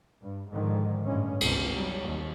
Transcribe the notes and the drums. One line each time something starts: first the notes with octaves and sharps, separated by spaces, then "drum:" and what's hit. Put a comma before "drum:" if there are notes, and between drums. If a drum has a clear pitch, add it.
G2
G#2 D3 D#3 F3
A1 G2 G#3 C#4
G1 C#2 C3, drum: cymbal
F#3 G3
D#2